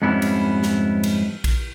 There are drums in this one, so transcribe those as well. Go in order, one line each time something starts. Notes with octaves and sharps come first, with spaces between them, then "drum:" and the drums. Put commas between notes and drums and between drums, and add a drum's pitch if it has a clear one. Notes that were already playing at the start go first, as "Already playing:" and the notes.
F2 G#2 G3 B3 C#4 E4
drum: cymbal
drum: snare
drum: cymbal
drum: kick A#1, cymbal